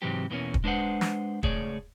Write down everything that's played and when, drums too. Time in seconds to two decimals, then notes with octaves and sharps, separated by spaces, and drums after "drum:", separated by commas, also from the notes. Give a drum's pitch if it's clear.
0.02 G#2 C3 E3 F#3 C4 G4
0.30 E2 B2 E3 A#3 C4 C#4
0.54 drum: kick
0.64 G#3 D4 B4 C5 F#5
1.01 drum: snare
1.43 C#2 A3 G#4 C#5 D5, drum: kick